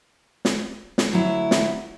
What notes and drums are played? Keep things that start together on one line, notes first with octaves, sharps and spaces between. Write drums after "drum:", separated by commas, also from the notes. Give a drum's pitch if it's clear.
drum: snare
drum: snare
D2 F#3 E4
drum: snare